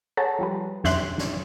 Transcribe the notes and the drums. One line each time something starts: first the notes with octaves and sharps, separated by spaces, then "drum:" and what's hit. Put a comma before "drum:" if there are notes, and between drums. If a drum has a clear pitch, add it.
G#4 A4 C#5 F#5 A5 A#5
F3 G3 B4
F2 G4 E5 C6 F#6, drum: snare
drum: snare